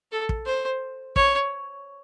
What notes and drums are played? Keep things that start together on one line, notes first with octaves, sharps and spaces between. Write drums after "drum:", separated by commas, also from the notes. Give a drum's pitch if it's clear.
A4
drum: kick
C5
C#5, drum: kick